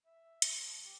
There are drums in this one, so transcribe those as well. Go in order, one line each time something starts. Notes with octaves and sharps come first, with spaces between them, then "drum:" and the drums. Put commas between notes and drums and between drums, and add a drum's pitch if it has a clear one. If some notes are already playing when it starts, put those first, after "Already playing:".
E5
drum: hi-hat
F3
G4